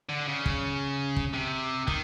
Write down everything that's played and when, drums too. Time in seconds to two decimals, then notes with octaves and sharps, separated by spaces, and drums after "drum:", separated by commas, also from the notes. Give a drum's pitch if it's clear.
0.10 D3
0.28 C#3
0.46 drum: kick
1.17 drum: kick
1.34 C3
1.88 D#3, drum: kick